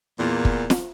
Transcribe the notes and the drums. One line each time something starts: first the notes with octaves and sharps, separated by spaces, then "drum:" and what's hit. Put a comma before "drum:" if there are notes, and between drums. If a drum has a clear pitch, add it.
E2 A#2
drum: kick
drum: snare